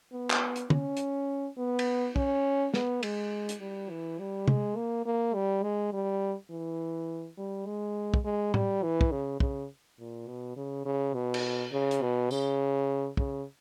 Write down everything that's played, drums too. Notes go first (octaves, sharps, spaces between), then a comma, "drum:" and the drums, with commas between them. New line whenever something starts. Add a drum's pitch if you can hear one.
B3
drum: clap
drum: hi-hat
C#4, drum: tom
drum: hi-hat
B3
drum: cymbal
C#4, drum: kick
B3, drum: snare
G#3, drum: cymbal
drum: hi-hat
G3
E3
G3
G#3, drum: tom
A#3
A#3
G3
G#3
G3
E3
G3
G#3
drum: kick
G#3
G3, drum: tom
E3
drum: kick
C#3
C#3, drum: kick
A#2
B2
C#3
C#3
B2
drum: cymbal
C#3
drum: hi-hat
B2
C#3, drum: tambourine
C#3, drum: kick